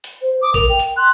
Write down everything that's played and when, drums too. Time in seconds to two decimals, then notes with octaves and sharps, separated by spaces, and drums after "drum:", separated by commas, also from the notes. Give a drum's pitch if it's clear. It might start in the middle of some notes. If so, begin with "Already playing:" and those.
0.04 drum: hi-hat
0.22 C5
0.42 D6 D#6
0.54 A#4 F7, drum: kick A1, hi-hat
0.69 G5
0.79 drum: hi-hat
0.97 C6 F#6